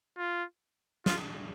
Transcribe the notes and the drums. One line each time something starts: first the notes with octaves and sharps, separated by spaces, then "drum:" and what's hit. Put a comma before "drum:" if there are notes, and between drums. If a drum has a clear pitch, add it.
F4
F4, drum: snare